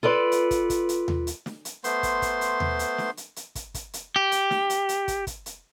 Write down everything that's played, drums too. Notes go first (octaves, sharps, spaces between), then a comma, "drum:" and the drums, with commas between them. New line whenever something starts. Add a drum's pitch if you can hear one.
F4 A4 B4 D5
drum: hi-hat
drum: kick, hi-hat
drum: kick, hi-hat
drum: hi-hat
drum: tom D#2
drum: hi-hat
drum: snare
drum: hi-hat
A3 B3 C5 C6, drum: hi-hat
drum: kick, hi-hat
drum: kick, hi-hat
drum: hi-hat
drum: tom D#2
drum: hi-hat
drum: snare
drum: hi-hat
drum: hi-hat
drum: kick, hi-hat
drum: kick, hi-hat
drum: hi-hat
G4
drum: hi-hat
drum: snare
drum: hi-hat
drum: hi-hat
drum: kick, hi-hat
drum: kick, hi-hat
drum: hi-hat